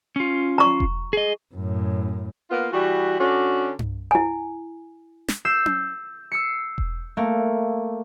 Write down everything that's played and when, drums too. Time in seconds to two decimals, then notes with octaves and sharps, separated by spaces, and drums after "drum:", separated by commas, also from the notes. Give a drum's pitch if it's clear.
0.16 C#4 F4
0.58 A#5 C#6
0.80 drum: kick E1
1.13 G#4 D#5
1.55 F#2 A2
2.50 A#3 B3 F4
2.72 E3 G3 F#4
3.20 D3 C#4 D4 F#4
3.79 drum: tom G2
4.11 E4 G#5
5.28 drum: snare
5.45 E6 G6 C7 E7
5.66 drum: tom C#4
6.32 E6 C7 C#7
6.78 drum: kick E1
7.17 A3 A#3